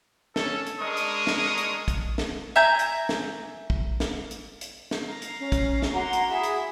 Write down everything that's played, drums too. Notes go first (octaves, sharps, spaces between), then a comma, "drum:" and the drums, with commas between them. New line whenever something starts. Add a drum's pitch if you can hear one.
C#4 A4, drum: snare
drum: hi-hat
G#3 D4 A#4 C#6 D#6
drum: hi-hat
drum: snare
drum: hi-hat
drum: kick, hi-hat
drum: snare
E5 G#5 A#5 G6
drum: hi-hat
drum: snare
drum: kick
drum: snare
drum: hi-hat
drum: hi-hat
drum: snare
F5 A#5
drum: hi-hat
C#4
drum: kick, hi-hat
drum: snare
A#3 F#4 F#5 A#5 C6
drum: hi-hat
E4 G#4 E5
drum: hi-hat